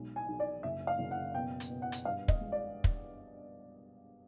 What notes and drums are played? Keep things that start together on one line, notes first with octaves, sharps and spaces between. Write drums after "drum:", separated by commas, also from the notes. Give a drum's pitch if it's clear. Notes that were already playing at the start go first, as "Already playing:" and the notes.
Already playing: B1 G#3
G#5
B1
D5
F#1 E5
F5
F#1
F#5
B2 G5
drum: hi-hat
B2
F#5
drum: hi-hat
G2 F5
D#5, drum: kick
G#3
D5
drum: kick